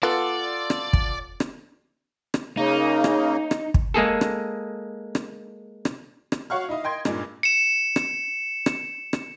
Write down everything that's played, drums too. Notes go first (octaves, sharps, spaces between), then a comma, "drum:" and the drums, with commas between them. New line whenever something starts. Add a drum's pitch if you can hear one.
B3 F4 A4 D5 F#5
drum: rim click
drum: kick
drum: rim click
drum: rim click
C#3 A#3 D#4
drum: rim click
drum: rim click
drum: kick
G#3 A#3 G#4 A4
drum: rim click
drum: rim click
drum: rim click
drum: rim click
F#4 C#5 F5 F#5 C#6 F6
D#4 E4 D#5 F5
D#5 G5 C6 G#6
G2 A#2 G#3 D4 D#4, drum: rim click
C#7 E7
drum: rim click
drum: rim click
drum: rim click